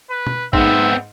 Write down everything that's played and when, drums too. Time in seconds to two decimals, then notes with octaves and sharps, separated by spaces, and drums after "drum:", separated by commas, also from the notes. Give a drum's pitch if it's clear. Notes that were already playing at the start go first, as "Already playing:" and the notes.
0.10 B4
0.27 drum: tom B2
0.53 G#2 B3 C4 E5, drum: kick